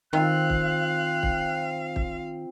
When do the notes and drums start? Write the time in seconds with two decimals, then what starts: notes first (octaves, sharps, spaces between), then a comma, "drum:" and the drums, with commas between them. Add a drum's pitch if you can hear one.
0.13 D#3 C4 F4 F5 F#6
0.50 drum: kick
1.23 drum: kick
1.96 drum: kick